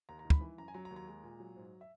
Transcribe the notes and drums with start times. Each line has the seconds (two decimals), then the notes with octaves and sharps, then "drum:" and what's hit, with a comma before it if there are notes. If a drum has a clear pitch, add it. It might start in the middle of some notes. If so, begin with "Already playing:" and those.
0.09 D#2 A#5
0.19 A#5
0.25 D#3
0.30 B5, drum: kick
0.41 E3
0.58 F#2 A#5
0.68 G#5
0.74 F#3 A#5
0.85 A#5
0.91 D#2
0.96 A#5
1.08 G#3
1.23 A#2
1.40 F#3
1.56 G#2
1.81 E5